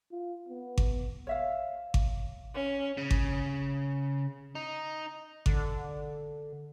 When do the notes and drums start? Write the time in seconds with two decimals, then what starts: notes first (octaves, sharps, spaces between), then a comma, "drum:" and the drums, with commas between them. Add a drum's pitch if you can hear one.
0.12 F4
0.48 B3
0.78 drum: kick G#1
1.27 C#5 E5 F5
1.94 drum: kick G#1
2.54 C#4
2.97 C#3
3.11 drum: kick G#1
4.55 D#4
5.46 D3, drum: kick G#1